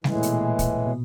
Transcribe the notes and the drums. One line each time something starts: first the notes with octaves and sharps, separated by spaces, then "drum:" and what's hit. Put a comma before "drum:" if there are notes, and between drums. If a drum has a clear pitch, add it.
A2 C#3 E3 G#3, drum: snare G3
A#2
B2, drum: hi-hat
A#2
A#2, drum: kick, hi-hat
B2